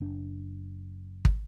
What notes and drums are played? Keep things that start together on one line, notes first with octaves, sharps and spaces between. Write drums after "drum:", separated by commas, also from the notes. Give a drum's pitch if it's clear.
F#1 D4
drum: kick